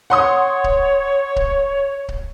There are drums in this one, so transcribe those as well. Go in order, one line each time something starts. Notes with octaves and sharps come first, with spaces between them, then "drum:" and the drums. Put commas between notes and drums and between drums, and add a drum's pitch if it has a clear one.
C#5 F#5 C6 D#6
drum: kick C#1
drum: kick C#1
drum: kick C#1